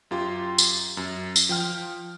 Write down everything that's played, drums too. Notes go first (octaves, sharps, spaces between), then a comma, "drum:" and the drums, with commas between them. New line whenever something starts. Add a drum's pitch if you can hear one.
F#2 F4 G4 C6
drum: tambourine
F#2
drum: tambourine
F3 G5 F6